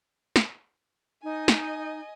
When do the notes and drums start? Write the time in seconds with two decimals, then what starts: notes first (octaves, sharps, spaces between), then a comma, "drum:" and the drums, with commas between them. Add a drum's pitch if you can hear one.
0.36 drum: snare
1.23 D#4 D#5 G#5
1.48 drum: snare